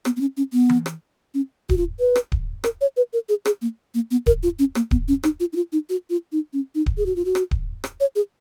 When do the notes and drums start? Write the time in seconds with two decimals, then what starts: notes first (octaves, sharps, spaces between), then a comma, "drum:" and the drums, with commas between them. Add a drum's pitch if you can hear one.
0.05 B3, drum: rim click
0.16 B3
0.21 C#4
0.37 C#4
0.53 B3
0.69 drum: tom E3
0.86 drum: rim click
1.34 C#4
1.69 F#4, drum: kick D1
1.77 F4
2.00 B4
2.16 drum: rim click
2.32 drum: kick D1
2.64 A#4, drum: rim click
2.81 C#5
2.97 B4
3.13 A#4
3.29 G#4
3.46 G#4, drum: rim click
3.62 A#3
3.94 A#3
4.11 B3
4.26 A#4, drum: kick D1
4.43 F4
4.59 C#4
4.75 A#3, drum: rim click
4.91 B3, drum: kick D1
5.08 C#4
5.23 D#4, drum: rim click
5.40 F4
5.53 D#4
5.56 F4
5.72 D#4
5.89 F#4
6.10 F4
6.32 D#4
6.53 C#4
6.75 D#4
6.86 drum: kick D1
6.97 G#4
7.06 F#4
7.16 F4
7.25 F#4
7.35 drum: rim click
7.51 drum: kick D1
7.84 drum: rim click
8.00 C#5
8.16 G#4